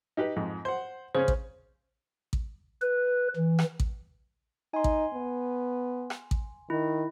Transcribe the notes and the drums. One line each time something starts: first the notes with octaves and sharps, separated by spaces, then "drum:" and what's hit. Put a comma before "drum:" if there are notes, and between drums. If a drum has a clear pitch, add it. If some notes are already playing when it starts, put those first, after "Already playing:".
D#4 G4 B4
F2 G#2
C5 F#5
C#3 C#4 C5
drum: kick A1
drum: kick A1
B4
E3
drum: rim click
drum: kick A1
D#4 G#5 C6
drum: kick A1
B3
drum: rim click
drum: kick A1
D#3 E4